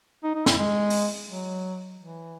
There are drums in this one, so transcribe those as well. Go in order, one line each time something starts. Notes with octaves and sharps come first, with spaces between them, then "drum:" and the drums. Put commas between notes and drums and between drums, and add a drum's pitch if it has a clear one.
D#4
D#4
E4, drum: snare
G#3
drum: open hi-hat
F#3
E3